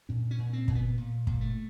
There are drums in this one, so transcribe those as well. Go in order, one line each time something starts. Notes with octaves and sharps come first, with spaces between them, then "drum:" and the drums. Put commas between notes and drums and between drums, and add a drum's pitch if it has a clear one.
A#2 C#4
C#4
A#2
C4
A#2, drum: kick
B3
A#2
A#2, drum: kick
A3